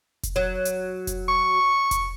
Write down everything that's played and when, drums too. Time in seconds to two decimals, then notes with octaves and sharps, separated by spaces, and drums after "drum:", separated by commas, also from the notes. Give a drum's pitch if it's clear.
0.23 drum: kick F1, hi-hat
0.36 F#3
0.65 drum: hi-hat
1.07 drum: kick F1, hi-hat
1.28 C#6
1.91 drum: kick F1, hi-hat